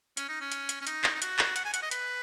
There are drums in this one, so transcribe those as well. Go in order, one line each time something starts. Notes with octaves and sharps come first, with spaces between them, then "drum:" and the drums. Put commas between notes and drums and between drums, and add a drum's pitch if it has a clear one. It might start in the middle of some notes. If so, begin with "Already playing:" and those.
C#4, drum: hi-hat
D#4
C#4
drum: hi-hat
drum: hi-hat
C#4
D#4, drum: hi-hat
drum: clap
D#4
F#4, drum: hi-hat
drum: clap
F#5, drum: hi-hat
G#5
F#5, drum: hi-hat
D#5
B4, drum: hi-hat